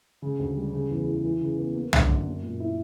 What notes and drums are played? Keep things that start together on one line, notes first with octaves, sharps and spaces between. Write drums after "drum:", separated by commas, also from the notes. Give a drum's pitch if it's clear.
C#3
D2
G3
C#3
E2
E3
E3
C#3
B3
A#3
D3, drum: tom
F#2
A#3
A#2
E4